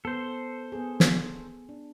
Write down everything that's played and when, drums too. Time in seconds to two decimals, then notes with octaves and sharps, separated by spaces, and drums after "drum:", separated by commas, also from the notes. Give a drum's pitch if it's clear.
0.05 B3 A4 C5
0.72 B3 G#4
1.00 drum: snare
1.69 D4